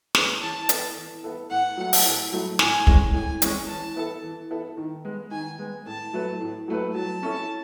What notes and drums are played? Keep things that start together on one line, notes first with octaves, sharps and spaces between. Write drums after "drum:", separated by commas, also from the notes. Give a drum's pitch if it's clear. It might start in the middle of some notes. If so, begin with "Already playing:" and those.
C#4 G#4 B4, drum: snare
E3 A5
B3 E4 A4, drum: hi-hat
E3
B3 E4 A4
A2 F#5
F#3 A3 E4
drum: open hi-hat
A2
F#3 A3 E4
A2 G#5, drum: snare
E3 G#3 C#4, drum: kick
A2 G#5
E3 G#3 C#4, drum: hi-hat
E3 A5
B3 E4 A4
E3
B3 E4 A4
D#3
G#3 B3
D#3 G#5
G#3 B3
A2 A5
F#3 A3 E4 B4
A2
F#3 A3 E4 B4
F#3 A5
C#4 E4 A4